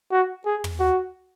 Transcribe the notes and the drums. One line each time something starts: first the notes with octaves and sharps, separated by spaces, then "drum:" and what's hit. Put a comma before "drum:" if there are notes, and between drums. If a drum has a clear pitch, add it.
F#4
G#4
drum: tom
F#4